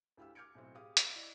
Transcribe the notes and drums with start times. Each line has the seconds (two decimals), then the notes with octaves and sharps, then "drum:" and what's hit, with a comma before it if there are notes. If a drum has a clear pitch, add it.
0.17 D2 E4 G4 F5 E6
0.35 D6 F6 G6 G#6 C#7 D7
0.55 B1 A2 C4
0.75 G4 G#4 F5 D6 D#6
0.97 E5 F5 E6, drum: hi-hat
1.12 E4 D5 D#5